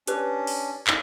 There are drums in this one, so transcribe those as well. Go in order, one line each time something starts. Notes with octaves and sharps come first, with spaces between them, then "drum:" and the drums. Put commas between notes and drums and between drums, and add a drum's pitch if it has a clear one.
C#4 D4 G4 B4, drum: hi-hat
drum: open hi-hat
drum: clap